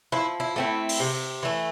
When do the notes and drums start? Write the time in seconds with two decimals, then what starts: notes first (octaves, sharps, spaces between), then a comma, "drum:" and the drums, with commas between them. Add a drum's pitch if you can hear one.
0.12 F3 E4
0.40 E4
0.56 A3 C4 E4
0.89 drum: open hi-hat
1.00 C3
1.43 E3 A3